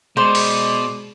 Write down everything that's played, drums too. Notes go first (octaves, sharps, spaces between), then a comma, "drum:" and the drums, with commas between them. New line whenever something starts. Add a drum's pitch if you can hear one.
B2 G#3 C5 D5
drum: open hi-hat